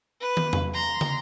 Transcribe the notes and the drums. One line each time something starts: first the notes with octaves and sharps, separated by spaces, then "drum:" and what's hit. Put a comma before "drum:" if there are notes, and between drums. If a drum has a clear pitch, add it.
B4
drum: tom
drum: tom E2
A#5 C6
drum: tom